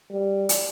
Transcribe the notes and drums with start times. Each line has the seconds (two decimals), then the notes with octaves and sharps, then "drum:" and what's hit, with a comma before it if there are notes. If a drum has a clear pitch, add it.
0.11 G3
0.49 drum: hi-hat